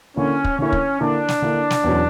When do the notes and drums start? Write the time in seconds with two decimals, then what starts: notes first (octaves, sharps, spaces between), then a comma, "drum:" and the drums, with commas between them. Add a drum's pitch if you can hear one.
0.16 D3 A#3 C#4 E4
0.44 drum: kick
0.59 D3 A#3 C#4 E4
0.72 drum: kick
1.00 D3 A#3 D4 E4
1.28 drum: snare
1.42 D3 A#3 E4
1.70 drum: snare
1.84 E2 B2 F#3 C#4